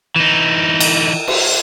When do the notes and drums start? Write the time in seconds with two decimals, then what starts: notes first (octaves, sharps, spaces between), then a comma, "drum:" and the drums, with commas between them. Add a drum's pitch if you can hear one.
0.16 E3 D#4
0.80 drum: cymbal
1.28 drum: cymbal